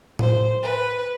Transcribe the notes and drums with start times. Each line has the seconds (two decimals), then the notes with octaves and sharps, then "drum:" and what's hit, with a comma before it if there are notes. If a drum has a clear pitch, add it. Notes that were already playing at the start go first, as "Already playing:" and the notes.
0.19 C5, drum: tom A2
0.62 B4